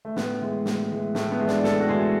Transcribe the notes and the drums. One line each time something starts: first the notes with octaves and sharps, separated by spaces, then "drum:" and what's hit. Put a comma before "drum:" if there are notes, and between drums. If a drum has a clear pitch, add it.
A3
A2 B3, drum: snare
E3 G#3
A2, drum: snare
E3 G#3
A2 A3, drum: snare
B3
E3 G#3
D4, drum: snare
A2 A4, drum: snare
F#4
E3 G#3 G#4